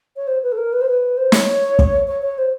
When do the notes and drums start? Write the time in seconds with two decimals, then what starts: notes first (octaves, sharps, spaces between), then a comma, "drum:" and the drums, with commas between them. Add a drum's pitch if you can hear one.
0.16 C#5
0.27 C5
0.43 B4
0.52 A4
0.57 A#4
0.73 B4
0.81 C5
0.89 B4
1.17 C5
1.32 C#5, drum: snare
1.79 drum: kick
2.08 C#5
2.22 C#5
2.38 C5